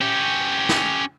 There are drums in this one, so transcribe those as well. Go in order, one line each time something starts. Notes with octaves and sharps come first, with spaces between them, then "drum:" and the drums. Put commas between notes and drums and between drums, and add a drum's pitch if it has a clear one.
C#4 G4
drum: snare